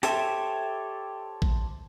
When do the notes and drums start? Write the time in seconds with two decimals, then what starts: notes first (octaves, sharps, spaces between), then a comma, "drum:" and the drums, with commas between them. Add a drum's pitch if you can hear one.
0.03 G4 A4 C5 C#5 E5, drum: hi-hat
1.42 drum: kick A#1